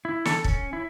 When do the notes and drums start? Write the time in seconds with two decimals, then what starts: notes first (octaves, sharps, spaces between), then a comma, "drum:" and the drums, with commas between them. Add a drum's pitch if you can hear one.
0.05 E4
0.25 A4, drum: snare
0.44 C#4, drum: kick
0.73 E4